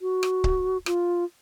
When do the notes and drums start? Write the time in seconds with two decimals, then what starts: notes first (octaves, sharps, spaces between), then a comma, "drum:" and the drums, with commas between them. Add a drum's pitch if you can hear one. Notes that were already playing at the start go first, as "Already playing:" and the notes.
0.02 F#4
0.23 drum: rim click
0.44 drum: kick C#1
0.86 F4, drum: rim click